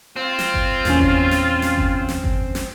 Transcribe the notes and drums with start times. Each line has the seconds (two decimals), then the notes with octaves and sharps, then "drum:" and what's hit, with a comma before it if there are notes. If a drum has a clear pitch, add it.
0.16 C4 F4
0.39 drum: snare
0.54 drum: kick G1
0.85 E2 A#2 C#4, drum: snare
1.00 drum: kick G1
1.31 drum: snare
1.62 drum: snare
1.78 drum: kick G1
2.09 drum: snare
2.24 drum: kick G1
2.55 drum: snare